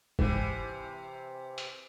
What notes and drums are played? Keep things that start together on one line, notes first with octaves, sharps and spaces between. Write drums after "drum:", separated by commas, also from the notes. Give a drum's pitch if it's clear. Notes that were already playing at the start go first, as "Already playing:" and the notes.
G#2 C3 E3, drum: kick
drum: hi-hat